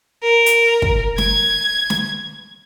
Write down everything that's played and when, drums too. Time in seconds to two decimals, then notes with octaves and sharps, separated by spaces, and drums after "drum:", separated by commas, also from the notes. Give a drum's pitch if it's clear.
0.23 A#4
0.46 drum: hi-hat
0.82 drum: kick
1.18 G#6, drum: snare
1.90 drum: snare